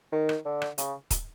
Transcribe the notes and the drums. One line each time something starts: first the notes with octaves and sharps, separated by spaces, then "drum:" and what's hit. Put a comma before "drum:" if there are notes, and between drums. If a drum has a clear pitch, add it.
D#3
drum: rim click
D3
drum: rim click
C#3, drum: hi-hat
drum: kick D#1, hi-hat